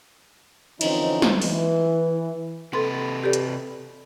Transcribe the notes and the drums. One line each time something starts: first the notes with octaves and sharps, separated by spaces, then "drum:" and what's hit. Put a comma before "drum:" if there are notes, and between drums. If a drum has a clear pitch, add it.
D3 E3 F3 C4 C#4 D#4, drum: cymbal
drum: snare
E3, drum: open hi-hat
C3 A4 B4 C6
G4 A4 D5
drum: hi-hat